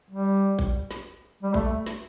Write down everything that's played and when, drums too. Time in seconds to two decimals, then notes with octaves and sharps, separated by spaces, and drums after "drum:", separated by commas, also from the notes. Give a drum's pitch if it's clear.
0.10 G3
0.59 drum: kick A1
0.91 drum: snare
1.43 G3
1.54 A3, drum: kick A1
1.86 drum: snare